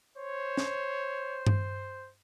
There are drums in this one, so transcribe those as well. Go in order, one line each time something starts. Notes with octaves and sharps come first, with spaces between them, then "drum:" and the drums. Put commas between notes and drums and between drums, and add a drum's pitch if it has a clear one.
C5 C#5
drum: snare
drum: tom G2